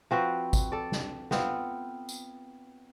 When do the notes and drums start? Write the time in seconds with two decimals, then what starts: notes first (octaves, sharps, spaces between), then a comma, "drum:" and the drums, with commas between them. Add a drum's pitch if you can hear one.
0.11 F3 C4 F#4 B4
0.53 drum: kick G#1, tambourine
0.72 A4 D5
0.92 drum: snare
1.31 B3 C4 F4, drum: snare
2.09 drum: tambourine